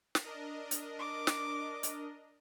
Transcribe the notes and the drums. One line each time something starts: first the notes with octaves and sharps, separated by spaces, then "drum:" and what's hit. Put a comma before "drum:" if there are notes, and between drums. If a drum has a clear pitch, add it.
drum: snare
D4 A#4 D#5
drum: hi-hat
D6
drum: snare
drum: hi-hat